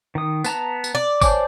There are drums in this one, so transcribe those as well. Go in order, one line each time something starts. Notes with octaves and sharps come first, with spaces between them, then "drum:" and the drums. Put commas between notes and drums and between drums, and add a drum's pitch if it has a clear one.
D#3 D#6
B3 A5 A#5, drum: tambourine
drum: tambourine
D5
C5 C#5 G#5 A5 D6, drum: kick, tambourine